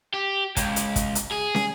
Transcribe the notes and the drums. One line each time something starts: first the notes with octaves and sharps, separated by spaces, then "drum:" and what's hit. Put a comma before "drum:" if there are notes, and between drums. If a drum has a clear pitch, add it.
G4
C#2, drum: kick, hi-hat
drum: hi-hat
drum: kick, hi-hat
drum: hi-hat
G#4
drum: snare